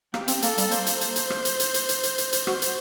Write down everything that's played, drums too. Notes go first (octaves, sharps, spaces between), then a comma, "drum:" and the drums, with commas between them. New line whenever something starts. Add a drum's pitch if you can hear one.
A#3 G4, drum: rim click
C4, drum: hi-hat
A#3 A4, drum: hi-hat
G3, drum: hi-hat
A#3 C5, drum: hi-hat
drum: hi-hat
drum: hi-hat
drum: hi-hat
drum: rim click
drum: hi-hat
drum: hi-hat
drum: hi-hat
drum: hi-hat
drum: hi-hat
drum: hi-hat
drum: hi-hat
F#4 C5, drum: rim click
drum: hi-hat